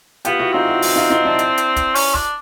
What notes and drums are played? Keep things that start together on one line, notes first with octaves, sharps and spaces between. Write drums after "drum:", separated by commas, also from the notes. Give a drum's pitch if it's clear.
B3 F4 G4, drum: hi-hat
E4 F#4
C4 D#4 F4
E4 F#4
E4 F#4, drum: open hi-hat
D#4 F4
D#4 F4
D4 E4
drum: hi-hat
drum: hi-hat
drum: kick, hi-hat
C#4, drum: open hi-hat
D4, drum: kick